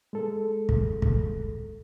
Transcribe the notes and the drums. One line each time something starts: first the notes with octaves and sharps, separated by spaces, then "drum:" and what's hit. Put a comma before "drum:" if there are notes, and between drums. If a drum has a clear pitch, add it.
G#3 A4
drum: kick
drum: kick